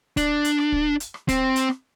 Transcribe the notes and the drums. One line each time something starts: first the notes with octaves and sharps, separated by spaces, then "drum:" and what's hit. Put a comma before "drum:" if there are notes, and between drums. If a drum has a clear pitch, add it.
D4, drum: kick, hi-hat
drum: hi-hat
drum: rim click
drum: kick
drum: hi-hat
drum: rim click
C4, drum: kick, hi-hat
drum: hi-hat
drum: rim click